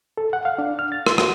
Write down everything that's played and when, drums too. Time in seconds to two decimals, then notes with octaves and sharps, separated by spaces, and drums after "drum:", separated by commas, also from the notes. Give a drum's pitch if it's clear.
0.18 A4
0.33 F#5
0.45 F5
0.58 D4
0.79 F6
0.92 A6
1.06 C6, drum: rim click
1.18 F#4, drum: rim click